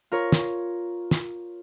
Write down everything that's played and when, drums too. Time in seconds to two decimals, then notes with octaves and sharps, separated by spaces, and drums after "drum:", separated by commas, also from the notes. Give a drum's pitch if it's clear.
0.12 F4 A#4 C#5
0.32 drum: snare
1.11 drum: snare